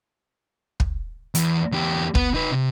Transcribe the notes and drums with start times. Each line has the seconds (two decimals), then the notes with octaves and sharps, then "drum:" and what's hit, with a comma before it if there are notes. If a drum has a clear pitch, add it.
0.80 drum: kick
1.35 E2, drum: hi-hat
1.72 E2 G4
2.15 B3, drum: kick
2.34 D#4 B4
2.52 C3